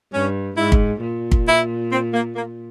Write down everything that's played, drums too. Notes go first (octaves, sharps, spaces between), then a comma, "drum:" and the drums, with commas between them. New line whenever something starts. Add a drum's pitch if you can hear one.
G2 C#4
G#2 E4
drum: kick
A#2
drum: kick
E4
C4
A#3
A#3